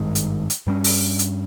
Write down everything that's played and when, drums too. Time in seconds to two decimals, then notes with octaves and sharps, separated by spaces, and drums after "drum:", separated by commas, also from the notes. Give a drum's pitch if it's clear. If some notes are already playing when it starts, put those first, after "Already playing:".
Already playing: G#1 G2 D#3 G#3
0.15 drum: hi-hat
0.50 drum: hi-hat
0.67 G2 G3 C#4
0.84 drum: open hi-hat
1.19 drum: hi-hat